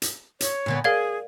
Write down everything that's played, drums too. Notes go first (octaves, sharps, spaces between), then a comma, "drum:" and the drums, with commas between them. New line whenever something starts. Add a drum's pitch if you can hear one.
drum: hi-hat
C#5, drum: hi-hat
A#2 D3 B3
G#4 A#4 D5 F5 G#6